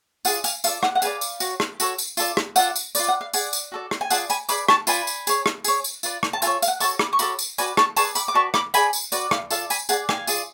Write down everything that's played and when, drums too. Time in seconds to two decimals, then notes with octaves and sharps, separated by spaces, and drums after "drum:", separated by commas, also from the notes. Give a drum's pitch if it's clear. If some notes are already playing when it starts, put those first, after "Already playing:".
0.25 F4 G#4 D5 F#5, drum: tambourine
0.44 F5 G#5, drum: tambourine
0.64 F4 A4 D5 F5, drum: tambourine
0.83 F#5, drum: rim click
0.95 F#5
1.02 G#4 B4 D5 F5 G#5, drum: tambourine
1.21 drum: tambourine
1.40 F#4 C#5, drum: tambourine
1.60 drum: rim click
1.80 F#4 A4 C#5, drum: tambourine
1.98 drum: tambourine
2.17 F4 A4 D5, drum: tambourine
2.37 drum: rim click
2.56 F4 A4 D5 F#5, drum: tambourine
2.76 drum: tambourine
2.95 F4 B4 D5, drum: tambourine
3.08 F#5
3.21 F5
3.33 G#4 D5 F#5, drum: tambourine
3.53 drum: tambourine
3.72 F#4 A4 D5
3.91 drum: rim click
4.01 G#5
4.10 F4 G#4 D5 F#5 A5, drum: tambourine
4.30 G#5 B5, drum: tambourine
4.49 G#4 B4 D5 B5 D6, drum: tambourine
4.68 A5 C#6, drum: rim click
4.87 F4 B4 D5 G#5 B5, drum: tambourine
5.07 drum: tambourine
5.27 G#4 C#5, drum: tambourine
5.46 drum: rim click
5.64 G#4 C#5, drum: tambourine
5.84 drum: tambourine
6.03 F4 B4 D5, drum: tambourine
6.23 drum: rim click
6.33 A5
6.42 F4 A4 C#5 F5 G#5, drum: tambourine
6.62 F5, drum: tambourine
6.68 F#5
6.80 F#4 A4 C#5 A5 C#6, drum: tambourine
6.99 B5 D6, drum: rim click
7.13 C#6
7.19 F#4 A4 C#5 B5 D6, drum: tambourine
7.39 drum: tambourine
7.58 F#4 B4 D5 G#5 B5, drum: tambourine
7.77 A5 C#6, drum: rim click
7.96 G#4 B4 D5 A5 C#6, drum: tambourine
8.15 B5 D6, drum: tambourine
8.28 D6
8.34 F#4 B4 D5 A5 C#6
8.54 B5 D6, drum: rim click
8.74 G#4 D5 G#5 B5, drum: tambourine
8.93 drum: tambourine
9.12 F#4 B4 D5, drum: tambourine
9.31 F5, drum: rim click
9.50 F4 A4 D5 F5, drum: tambourine
9.70 G#5 B5, drum: tambourine
9.89 G#4 D5 F#5 A5, drum: tambourine
10.09 F5 G#5, drum: rim click
10.27 F4 G#4 D5, drum: tambourine